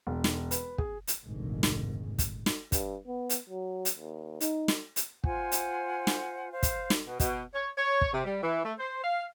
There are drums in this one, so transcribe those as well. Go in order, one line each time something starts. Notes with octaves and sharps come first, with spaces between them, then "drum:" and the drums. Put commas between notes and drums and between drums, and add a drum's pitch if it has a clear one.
E1
drum: snare
B4, drum: hi-hat
G#4, drum: kick
drum: hi-hat
F1 A#1 G#2 D3 D#3 G#3
drum: snare
drum: kick, hi-hat
drum: snare
G2, drum: kick, hi-hat
B3
drum: hi-hat
F#3
drum: hi-hat
D#2
D#4, drum: hi-hat
drum: snare
drum: hi-hat
F4 C5 F#5 G#5, drum: kick
drum: hi-hat
drum: snare
C5 F5
drum: kick, hi-hat
drum: snare
B2
B2, drum: kick, hi-hat
C#5
C#5
drum: kick
C3
G3
E3
A3
C5
F5